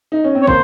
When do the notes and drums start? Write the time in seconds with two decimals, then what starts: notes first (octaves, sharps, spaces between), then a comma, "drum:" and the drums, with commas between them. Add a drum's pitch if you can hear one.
0.12 D#4
0.24 C#4
0.35 C4
0.42 C#5
0.47 A#3 C5, drum: kick